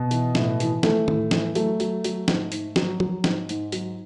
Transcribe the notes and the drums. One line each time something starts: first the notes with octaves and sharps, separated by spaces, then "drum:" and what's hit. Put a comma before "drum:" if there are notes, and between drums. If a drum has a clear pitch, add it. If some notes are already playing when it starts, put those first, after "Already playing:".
Already playing: B2 B3
E3, drum: hi-hat
A2, drum: snare
E3, drum: hi-hat
E3 A3, drum: snare
A2, drum: tom
E3, drum: snare
F#3 A3, drum: hi-hat
F#3, drum: hi-hat
F#3, drum: hi-hat
G#2, drum: snare
G#2, drum: hi-hat
F#3, drum: snare
F#3, drum: tom F3
G#2, drum: snare
G#2, drum: hi-hat
F#3, drum: hi-hat